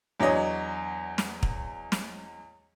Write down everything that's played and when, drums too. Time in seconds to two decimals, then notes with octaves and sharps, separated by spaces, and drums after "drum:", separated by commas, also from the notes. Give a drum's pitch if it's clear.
0.20 E2 F#3 D4 C#5 D#5
1.18 drum: snare
1.43 drum: kick
1.92 drum: snare